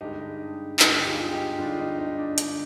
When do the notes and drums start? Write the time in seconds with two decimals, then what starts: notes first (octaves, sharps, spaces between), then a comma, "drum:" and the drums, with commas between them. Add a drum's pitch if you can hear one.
0.01 G2 D3 G#3 D#4 G4
0.79 G2 D3 G#3 D#4 G4, drum: clap
1.01 G4
1.06 F4 G#4
1.32 D#4 G4
1.58 G2 D3 G#3 D4 F4
1.79 D#4
1.98 D#4
2.18 D4
2.38 D3 G#3 D#4, drum: hi-hat